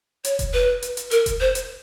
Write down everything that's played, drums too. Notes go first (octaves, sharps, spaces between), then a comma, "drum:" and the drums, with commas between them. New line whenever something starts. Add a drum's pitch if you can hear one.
C#5, drum: hi-hat
drum: kick F1, hi-hat
B4
drum: hi-hat
drum: hi-hat
A#4, drum: hi-hat
drum: kick F1, hi-hat
C5
drum: hi-hat